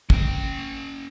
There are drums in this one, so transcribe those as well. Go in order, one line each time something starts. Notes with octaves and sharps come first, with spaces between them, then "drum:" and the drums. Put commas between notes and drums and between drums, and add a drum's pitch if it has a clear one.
C#4 G5, drum: kick